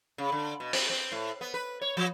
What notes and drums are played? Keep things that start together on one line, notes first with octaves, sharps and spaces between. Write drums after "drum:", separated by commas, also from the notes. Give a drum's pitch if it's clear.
C#3
D3
B2
C4, drum: open hi-hat
C4
A2
B3
B4
C#5
F3